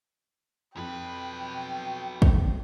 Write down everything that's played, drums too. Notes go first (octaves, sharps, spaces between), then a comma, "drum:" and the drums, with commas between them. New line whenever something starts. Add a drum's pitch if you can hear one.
F2 F#3 B4 G5
drum: kick